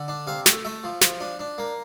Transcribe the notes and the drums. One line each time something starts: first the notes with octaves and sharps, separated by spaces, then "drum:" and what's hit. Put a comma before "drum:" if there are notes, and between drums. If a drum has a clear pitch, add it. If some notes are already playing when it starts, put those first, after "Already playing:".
Already playing: D3
D4
C3 F5
A3, drum: snare
A3 E5
F3
F3, drum: snare
D4
D4
A#3